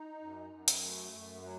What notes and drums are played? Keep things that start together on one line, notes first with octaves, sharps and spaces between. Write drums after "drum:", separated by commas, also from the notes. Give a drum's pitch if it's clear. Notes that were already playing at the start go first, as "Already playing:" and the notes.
Already playing: D#4
F#2
F#2
drum: hi-hat
A3
F#2
F#3